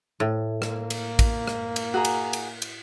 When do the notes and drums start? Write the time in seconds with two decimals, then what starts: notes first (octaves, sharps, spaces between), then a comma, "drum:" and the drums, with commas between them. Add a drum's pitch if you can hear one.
0.20 A2
0.62 A#3, drum: rim click
0.90 drum: cymbal
1.19 drum: kick, cymbal
1.48 drum: rim click
1.76 drum: cymbal
1.94 F#4 G#4 A#5
2.05 drum: cymbal
2.33 drum: cymbal
2.62 drum: cymbal